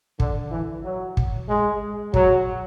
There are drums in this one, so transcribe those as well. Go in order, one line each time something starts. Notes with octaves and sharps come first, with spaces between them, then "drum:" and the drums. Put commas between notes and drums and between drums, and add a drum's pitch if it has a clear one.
D3, drum: kick
E3
F#3
drum: kick
G#3
F#3, drum: kick